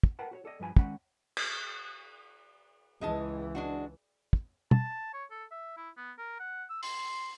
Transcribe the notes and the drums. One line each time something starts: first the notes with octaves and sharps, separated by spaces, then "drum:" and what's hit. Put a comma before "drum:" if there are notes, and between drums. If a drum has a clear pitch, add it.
drum: kick
A#4 B4 F#5 G5 A5
F#4 B4 C#5
A4 D5 D#5
G2 F3 B4 G#5 B5
D#3 G#3 C#4 F#5 B5, drum: kick
drum: cymbal
C#2 E3 G#3 D#5 A5
G#3 D4 F#4
drum: kick
A5, drum: tom
C#5
A4
E5
E4
B3
A#4
F#5
E6
C6, drum: open hi-hat